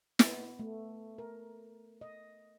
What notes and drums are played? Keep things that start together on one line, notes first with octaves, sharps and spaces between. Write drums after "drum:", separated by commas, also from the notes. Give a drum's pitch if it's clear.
B3, drum: snare
A3
A#4
D#5